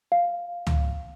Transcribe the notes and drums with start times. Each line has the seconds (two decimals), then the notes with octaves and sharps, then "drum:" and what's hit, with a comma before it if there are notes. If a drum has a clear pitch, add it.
0.12 F5
0.67 drum: tom C#2